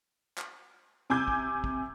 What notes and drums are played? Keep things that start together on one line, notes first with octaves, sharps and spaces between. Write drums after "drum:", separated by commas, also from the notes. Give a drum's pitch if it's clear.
drum: clap
C3 G#5 D6 E6 G6 G#6
drum: kick
drum: kick